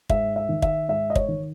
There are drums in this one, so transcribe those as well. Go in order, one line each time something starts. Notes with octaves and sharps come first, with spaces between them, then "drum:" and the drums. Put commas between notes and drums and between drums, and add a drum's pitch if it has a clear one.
G#2 E5, drum: kick
E5
D#3
E5, drum: kick
G#2 E5
D#5
C#5, drum: kick
D#3